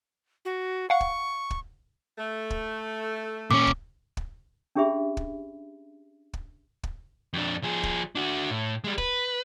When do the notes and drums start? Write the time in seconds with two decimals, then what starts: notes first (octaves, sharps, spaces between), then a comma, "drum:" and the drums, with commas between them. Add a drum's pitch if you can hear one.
0.45 F#4
0.90 F5 F#5 C#6
1.01 drum: kick
1.50 drum: kick
2.18 A3
2.50 drum: kick
3.51 A#2 C#4 D6
3.67 drum: kick
4.17 drum: kick
4.76 C#4 D4 G4 G#4 E5 B5
5.17 drum: kick
6.33 drum: kick
6.83 drum: kick
7.33 F2 D4
7.63 F3 G#4
7.83 drum: kick
8.15 D4 F#4
8.50 A2
8.84 G3 G#3
8.98 B4, drum: kick